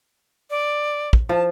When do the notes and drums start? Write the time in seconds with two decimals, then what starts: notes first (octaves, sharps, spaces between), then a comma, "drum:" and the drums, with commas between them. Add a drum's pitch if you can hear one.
0.50 D5
1.13 drum: kick
1.29 F3 A5